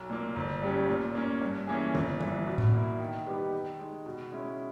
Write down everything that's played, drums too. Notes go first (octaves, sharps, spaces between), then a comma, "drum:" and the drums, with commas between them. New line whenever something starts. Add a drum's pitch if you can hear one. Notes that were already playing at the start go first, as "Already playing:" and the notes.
Already playing: B1
A#2 A#3
G1
G2 G3 C#4
A#2
A#3 C#4
G2
E3 A#3 C#4 G#4
G1, drum: tom D#3
G2 E3, drum: tom D#3
B2
drum: tom A2
A#3 E4
D#3
G3 B3 D#4 G4
D#3
G#3 D#4
B2
G#3 C#4 E4